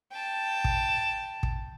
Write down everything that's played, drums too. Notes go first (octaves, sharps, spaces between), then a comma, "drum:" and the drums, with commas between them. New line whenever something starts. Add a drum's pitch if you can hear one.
G5 A5
drum: kick
drum: kick